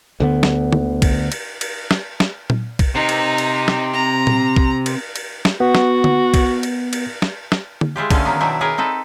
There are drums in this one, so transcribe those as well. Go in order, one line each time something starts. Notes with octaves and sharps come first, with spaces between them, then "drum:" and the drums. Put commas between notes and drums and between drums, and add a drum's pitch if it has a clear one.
D2 D3 B3
drum: snare
drum: tom
drum: kick, cymbal
drum: cymbal
drum: cymbal
drum: snare
drum: snare
drum: tom A#2
drum: kick, cymbal
C3 D#4
drum: cymbal
drum: cymbal
drum: snare
C4 A#5
drum: tom A#2
drum: kick
drum: cymbal
drum: cymbal
drum: snare
B3 F#4
drum: snare
drum: tom
drum: kick, cymbal
drum: cymbal
drum: cymbal
drum: snare
drum: snare
drum: tom
G#3 E4 F4 G4
D3 A3 C#4 F5, drum: kick, cymbal
D#3 F#3 A#3 B3
B2 D#3 F#3 D4 E4 C5
G#4 A#4 B4 C#5 D5
C4 D#4 A4 B4